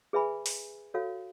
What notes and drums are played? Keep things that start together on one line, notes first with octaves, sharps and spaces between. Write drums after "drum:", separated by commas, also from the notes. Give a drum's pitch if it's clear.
G#4 B4 E5 G#5 B5
drum: open hi-hat
F#4 A4 C#5 F5